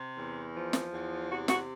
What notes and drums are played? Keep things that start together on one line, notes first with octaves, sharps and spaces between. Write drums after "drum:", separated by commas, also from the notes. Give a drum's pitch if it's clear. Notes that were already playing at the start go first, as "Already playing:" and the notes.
Already playing: C3
E2
F3
drum: snare
E2
C3 F#4
F#4, drum: snare